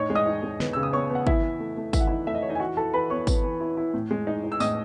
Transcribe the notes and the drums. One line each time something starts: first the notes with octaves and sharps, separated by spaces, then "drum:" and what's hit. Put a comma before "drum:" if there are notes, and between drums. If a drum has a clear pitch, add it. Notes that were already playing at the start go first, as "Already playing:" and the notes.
Already playing: A2 D#4 C#5 C#6
G#3
D#5 D#6
D#4
G#3
B3, drum: snare
C#3 E6
D#6
B3 C#5 C#6
B3 F#5
E3 E4 E5, drum: kick
E3
A3
A3
E3 E5, drum: kick, tambourine
F#5
D#4 E4 E5
A3 E5
D#5
E3 C#5
D#4 D#5
G#5
E3 F#4 F#5
E4 A4 A5
E3 B4 B5
B3 C#5 C#6
B3, drum: kick, tambourine
E3
E4
E4
A2
G#3
D#4
D#4
E6
A2 D#5 D#6, drum: tambourine